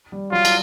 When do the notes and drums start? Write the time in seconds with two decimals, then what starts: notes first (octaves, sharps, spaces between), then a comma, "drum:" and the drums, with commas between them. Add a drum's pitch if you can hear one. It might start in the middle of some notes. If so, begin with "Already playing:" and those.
0.12 G3
0.32 F#3 F4
0.45 drum: cymbal